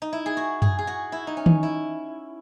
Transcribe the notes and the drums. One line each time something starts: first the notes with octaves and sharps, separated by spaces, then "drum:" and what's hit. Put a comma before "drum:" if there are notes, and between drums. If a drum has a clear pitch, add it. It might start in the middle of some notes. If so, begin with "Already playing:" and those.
D#4
E4
G#4
F#4
G#4, drum: tom F#2
G#4
F#4
E4
D#4
C#4
drum: tom D#3
E4